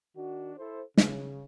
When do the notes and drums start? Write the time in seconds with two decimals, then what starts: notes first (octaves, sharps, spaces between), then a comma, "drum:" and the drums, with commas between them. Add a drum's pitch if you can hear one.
0.16 D#3 D4 F#4
0.58 E4 A4 C5
0.97 C#3, drum: snare